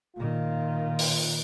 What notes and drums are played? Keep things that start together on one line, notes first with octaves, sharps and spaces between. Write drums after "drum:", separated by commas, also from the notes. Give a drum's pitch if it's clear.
A#2 D#3 F4
drum: open hi-hat